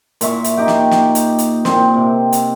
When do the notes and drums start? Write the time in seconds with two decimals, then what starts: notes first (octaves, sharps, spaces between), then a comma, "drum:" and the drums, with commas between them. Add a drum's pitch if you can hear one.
0.21 A#2 E5 C#6, drum: hi-hat
0.44 drum: hi-hat
0.57 D#4 G4 G5
0.68 drum: snare
0.91 drum: snare
1.15 drum: hi-hat
1.38 drum: hi-hat
1.65 A#2 C4, drum: snare
1.94 C3
2.32 drum: hi-hat